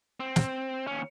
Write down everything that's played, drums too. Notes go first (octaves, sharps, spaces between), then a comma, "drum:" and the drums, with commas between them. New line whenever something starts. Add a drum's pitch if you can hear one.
C4
drum: snare
D#2 C#4